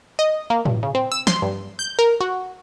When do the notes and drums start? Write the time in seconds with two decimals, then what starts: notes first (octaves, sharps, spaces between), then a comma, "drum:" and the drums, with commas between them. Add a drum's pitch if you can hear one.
0.19 D#5
0.50 A#3
0.65 G2, drum: tom A2
0.83 C#3
0.95 C4
1.12 E6
1.27 C6, drum: snare
1.42 G2
1.79 G6
1.99 A#4
2.21 F#4